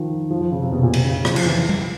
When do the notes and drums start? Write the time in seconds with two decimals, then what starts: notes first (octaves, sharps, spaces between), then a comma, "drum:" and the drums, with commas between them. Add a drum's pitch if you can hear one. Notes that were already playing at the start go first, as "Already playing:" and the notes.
Already playing: D#3 F3
0.31 F3
0.41 F3
0.52 C#3
0.62 C3
0.72 B2
0.83 A#2
0.94 C3, drum: cymbal
1.05 C#3
1.25 F3, drum: rim click
1.36 F3, drum: cymbal
1.46 E3
1.69 drum: tom G3